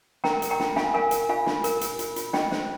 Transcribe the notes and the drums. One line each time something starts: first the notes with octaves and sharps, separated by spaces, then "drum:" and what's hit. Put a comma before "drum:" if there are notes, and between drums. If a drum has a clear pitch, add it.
A#4 G5 A#5, drum: snare
A#4, drum: hi-hat
G5 A#5
F4, drum: snare
F4 F5 G#5, drum: snare
A#4 F5 G#5
A#4, drum: hi-hat
F4 F5 G#5
F4, drum: snare
A#4, drum: hi-hat
A#4, drum: hi-hat
F4, drum: hi-hat
F4, drum: hi-hat
F4 D#5 G5, drum: snare
C5, drum: snare